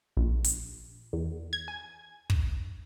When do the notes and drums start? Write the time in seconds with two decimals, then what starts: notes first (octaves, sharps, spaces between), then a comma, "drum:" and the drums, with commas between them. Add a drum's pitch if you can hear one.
0.17 A#1
0.44 drum: hi-hat
1.13 E2
1.53 G#6
1.68 G#5
2.30 drum: kick